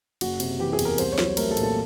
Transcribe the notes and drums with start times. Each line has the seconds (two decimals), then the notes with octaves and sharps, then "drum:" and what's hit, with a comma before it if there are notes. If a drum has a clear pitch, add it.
0.21 F#1 F#4, drum: cymbal
0.40 C3, drum: cymbal
0.60 E3 G4
0.73 G#4
0.79 E2, drum: cymbal
0.85 A#4
0.98 C2 C5, drum: cymbal
1.12 C#5
1.18 F#3, drum: snare
1.25 C5
1.37 A3 A#4, drum: cymbal
1.51 A4
1.57 A#2, drum: cymbal
1.63 A4